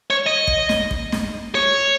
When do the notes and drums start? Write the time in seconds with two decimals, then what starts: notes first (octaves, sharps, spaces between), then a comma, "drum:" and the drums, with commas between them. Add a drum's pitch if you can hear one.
0.10 C#5
0.26 D#5
0.47 drum: kick
0.69 drum: snare
0.91 drum: kick
1.12 drum: snare
1.55 C#5